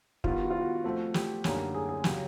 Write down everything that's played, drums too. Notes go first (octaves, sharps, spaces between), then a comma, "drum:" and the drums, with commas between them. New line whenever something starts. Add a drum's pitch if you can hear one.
D#3 G3 B3 F4, drum: kick
F#4
F4
F#4
F3 A3 C4
G4, drum: snare
F#2 D3 G3 A#3 D#4, drum: snare
G#4
G#4
C#3 F#3 G4, drum: snare